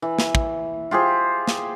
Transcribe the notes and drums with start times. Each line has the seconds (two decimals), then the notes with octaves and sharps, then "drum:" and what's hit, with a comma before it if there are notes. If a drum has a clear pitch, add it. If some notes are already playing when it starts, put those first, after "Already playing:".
0.02 E3
0.19 drum: snare
0.35 drum: kick
0.91 F4 G4 G#4 C5
1.47 drum: snare